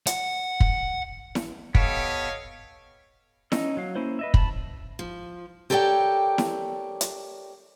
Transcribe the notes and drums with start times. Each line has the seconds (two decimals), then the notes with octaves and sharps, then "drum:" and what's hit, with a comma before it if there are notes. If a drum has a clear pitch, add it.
0.07 F#5, drum: hi-hat
0.60 drum: kick
1.35 drum: snare E4
1.75 B3 G4 A4 C#5 D#5 F5, drum: kick
3.52 C#4 D#4 D#5 E6, drum: snare E4
3.77 F#3 F5
3.95 A#3 C#4 E4 C5
4.19 B4 D#5 E5
4.34 A5 B5, drum: kick
4.99 F3
5.70 G4 A4 A#4 C#5 D5 G5
6.38 drum: snare E4
7.01 drum: hi-hat